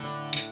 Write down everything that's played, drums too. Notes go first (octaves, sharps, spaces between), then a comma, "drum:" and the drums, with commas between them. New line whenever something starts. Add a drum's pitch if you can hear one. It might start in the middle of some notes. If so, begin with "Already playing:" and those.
Already playing: A2 D3 A3 D4
drum: hi-hat